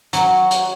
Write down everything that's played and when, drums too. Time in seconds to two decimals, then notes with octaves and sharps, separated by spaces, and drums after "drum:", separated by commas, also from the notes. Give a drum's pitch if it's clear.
0.13 F#3, drum: hi-hat
0.51 drum: hi-hat